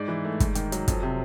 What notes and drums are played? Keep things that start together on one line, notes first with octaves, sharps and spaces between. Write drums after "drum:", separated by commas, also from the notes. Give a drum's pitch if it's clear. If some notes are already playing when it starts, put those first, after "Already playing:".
Already playing: G#2 D5
E3
A3
G#2, drum: kick, hi-hat
D#3, drum: hi-hat
F#3, drum: hi-hat
F2, drum: kick, hi-hat
C3